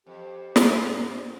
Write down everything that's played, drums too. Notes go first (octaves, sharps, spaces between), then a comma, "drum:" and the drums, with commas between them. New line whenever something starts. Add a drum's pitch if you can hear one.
F2 G4 C5
G#2, drum: snare